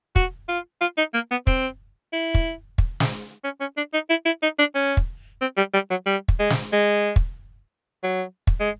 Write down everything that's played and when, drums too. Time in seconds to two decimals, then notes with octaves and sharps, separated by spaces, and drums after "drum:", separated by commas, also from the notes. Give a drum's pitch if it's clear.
0.16 F#4, drum: kick
0.49 F4
0.81 F4
0.98 D#4
1.14 A#3
1.31 B3
1.47 C4, drum: kick
2.13 E4
2.34 drum: kick
2.78 drum: kick
3.00 drum: snare
3.44 C#4
3.61 C#4
3.77 D4
3.93 D#4
4.10 E4
4.26 E4
4.43 D#4
4.59 D4
4.75 C#4
4.97 drum: kick
5.41 C4
5.57 G3
5.74 G3
5.90 F#3
6.06 G3
6.28 drum: kick
6.40 G#3
6.50 drum: snare
6.73 G#3
7.16 drum: kick
8.04 F#3
8.47 drum: kick
8.60 G#3